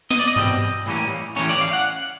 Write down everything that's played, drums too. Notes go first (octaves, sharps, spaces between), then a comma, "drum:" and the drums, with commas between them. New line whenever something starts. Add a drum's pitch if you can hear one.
D#5, drum: snare
D5
D#5
E2 B2 G3 C4, drum: tom G2
A2 E3 G3 A#3 C#4, drum: open hi-hat
A2 E3 G3 A#3 C#4 C#5
D5
F5, drum: tambourine
F#5